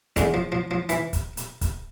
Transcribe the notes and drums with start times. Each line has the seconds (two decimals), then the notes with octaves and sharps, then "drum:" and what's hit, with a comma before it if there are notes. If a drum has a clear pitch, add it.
0.16 E2 D3 G#3, drum: kick, hi-hat
0.34 F3
0.52 F3
0.71 F3
0.89 E3, drum: hi-hat
1.13 drum: kick, hi-hat
1.37 drum: hi-hat
1.61 drum: kick, hi-hat